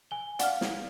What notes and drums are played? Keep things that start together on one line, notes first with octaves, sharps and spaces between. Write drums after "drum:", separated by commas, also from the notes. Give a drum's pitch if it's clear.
G#5 G7
D5 F5 F#5 F6, drum: hi-hat
drum: snare